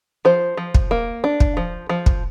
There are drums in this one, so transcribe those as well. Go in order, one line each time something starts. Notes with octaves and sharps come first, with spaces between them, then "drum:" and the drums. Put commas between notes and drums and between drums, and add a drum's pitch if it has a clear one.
F3 C5
F3
drum: kick
A#3
D4
drum: kick
F3
F3
drum: kick